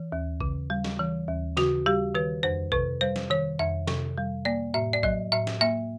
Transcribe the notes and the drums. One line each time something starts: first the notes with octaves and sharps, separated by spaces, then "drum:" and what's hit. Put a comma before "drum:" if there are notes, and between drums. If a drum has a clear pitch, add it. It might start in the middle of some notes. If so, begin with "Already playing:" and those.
Already playing: E3
D#2
C#3, drum: kick A1
G3
drum: snare
E3
D#2
C#3 F#4, drum: snare
G3 G4
D#3 B4
F2 C5
C3 B4, drum: kick A1
G3 C5
drum: snare
D#3 C#5
F2 E5
C3, drum: snare
G3
A#3 D5
A2 E5
D5
F#3 D#5, drum: kick A1
A2 E5
drum: snare
A#3 E5